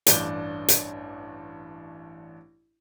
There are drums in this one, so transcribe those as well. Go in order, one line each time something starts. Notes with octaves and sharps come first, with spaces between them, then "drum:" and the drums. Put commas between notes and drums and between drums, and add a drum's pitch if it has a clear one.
A1 G2 D4 G6 G7, drum: hi-hat
drum: hi-hat